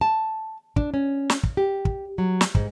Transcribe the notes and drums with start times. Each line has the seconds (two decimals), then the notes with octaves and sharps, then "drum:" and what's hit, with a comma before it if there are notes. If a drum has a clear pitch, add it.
0.01 A5
0.76 D4, drum: kick
0.94 C#4
1.30 drum: snare
1.43 drum: kick
1.57 G4
1.85 drum: kick
2.18 F#3
2.41 drum: snare
2.55 G#2, drum: kick